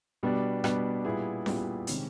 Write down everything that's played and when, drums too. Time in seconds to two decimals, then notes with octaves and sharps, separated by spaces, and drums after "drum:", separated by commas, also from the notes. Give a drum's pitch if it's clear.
0.23 B2 G3 B3 D4
0.64 B2 G3 B3 D4, drum: rim click
1.05 A#2 G3 B3 E4 G#4
1.46 A#2 G3 B3 E4 G#4, drum: snare C#4
1.87 C3 D#3 G#3 C#4, drum: hi-hat